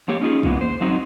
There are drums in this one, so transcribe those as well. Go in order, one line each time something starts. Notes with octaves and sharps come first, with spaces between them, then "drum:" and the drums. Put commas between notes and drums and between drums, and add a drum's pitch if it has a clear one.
F2 A#3 G4 C#5
C#4 D#4 F4 G#4
C#3 E3 G#3 A#3 B3, drum: kick
C5
G#2 F#3 C4 D#4 F#4